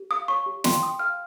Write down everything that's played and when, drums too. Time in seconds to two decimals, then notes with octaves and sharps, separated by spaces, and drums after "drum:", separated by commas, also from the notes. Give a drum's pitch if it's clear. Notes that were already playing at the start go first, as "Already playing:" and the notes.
Already playing: G4
0.11 F5 D#6
0.28 C#5 C#6
0.46 G4
0.64 G5 C6, drum: snare
0.82 G5 D#6
0.99 F5 F6